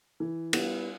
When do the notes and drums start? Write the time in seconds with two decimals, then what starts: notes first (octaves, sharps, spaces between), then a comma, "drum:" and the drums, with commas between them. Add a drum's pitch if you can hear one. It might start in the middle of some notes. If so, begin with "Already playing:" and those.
0.20 E3
0.53 G3 B3 E4, drum: cymbal